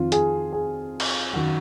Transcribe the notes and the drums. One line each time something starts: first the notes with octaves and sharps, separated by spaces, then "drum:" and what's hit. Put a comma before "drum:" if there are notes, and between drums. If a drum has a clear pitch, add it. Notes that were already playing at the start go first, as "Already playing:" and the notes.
Already playing: F2 D#3 F4
G#4, drum: hi-hat
G#4
drum: cymbal
F#2 D#3 F#4